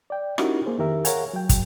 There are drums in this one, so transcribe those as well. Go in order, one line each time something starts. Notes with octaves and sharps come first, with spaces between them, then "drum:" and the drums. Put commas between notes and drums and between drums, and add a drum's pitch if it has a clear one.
D5 G5
C#4 D#4 E4 F#4 G4 A#4, drum: rim click
A#3 G#4 C5
F2 D#3 G4 A#4 E5
G#4 A#4 C#5 F5 F#5 G#5, drum: hi-hat
F#3 G5
drum: kick, hi-hat